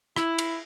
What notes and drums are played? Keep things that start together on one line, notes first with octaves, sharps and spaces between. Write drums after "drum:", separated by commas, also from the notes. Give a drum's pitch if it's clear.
E4, drum: rim click
drum: cymbal